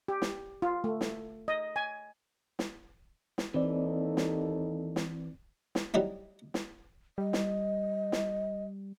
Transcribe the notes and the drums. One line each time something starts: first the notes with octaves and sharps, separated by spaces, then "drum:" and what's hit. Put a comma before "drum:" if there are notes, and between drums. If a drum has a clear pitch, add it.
G4
drum: snare
F4
A3
drum: snare
D#5
G#5
drum: snare
drum: snare
D#2 E3 C4 D#4 A4 D5
drum: snare
drum: snare
drum: snare
F#3 G3 D#4 E4
drum: snare
G3 D#5
drum: snare
drum: snare